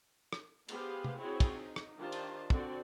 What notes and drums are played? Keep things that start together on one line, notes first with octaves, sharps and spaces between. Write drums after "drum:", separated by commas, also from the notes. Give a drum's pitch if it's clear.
drum: rim click
B3 G4 G#4 B4 C5 F5, drum: cymbal
drum: tom C3
C4 E4 F#4 G#4 C5 C#5
drum: kick, cymbal
D#4
drum: rim click
D#3 D4 F4 G4 C5 A5
drum: cymbal
D3 C4 F#4 D5, drum: kick